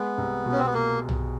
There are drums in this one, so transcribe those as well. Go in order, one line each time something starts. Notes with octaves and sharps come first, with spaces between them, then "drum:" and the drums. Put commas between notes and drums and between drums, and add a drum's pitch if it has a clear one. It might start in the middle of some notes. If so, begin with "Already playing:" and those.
Already playing: G#3 B3
C2
B2
C#4
C4
B3
A#3
drum: tom B1